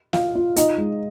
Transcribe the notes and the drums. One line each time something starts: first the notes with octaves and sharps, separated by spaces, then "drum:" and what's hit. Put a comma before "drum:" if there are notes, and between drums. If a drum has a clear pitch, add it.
F4 F5, drum: snare
F4
D#4 D#5, drum: hi-hat
G#3